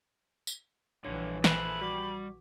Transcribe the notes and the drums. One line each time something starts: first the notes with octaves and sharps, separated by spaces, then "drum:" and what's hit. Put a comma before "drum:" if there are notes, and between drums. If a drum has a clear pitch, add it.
drum: tambourine
A#1 G2 D3 E3 C#5
A4 C5 E5 B5 F#6, drum: snare
G3 F#4 D6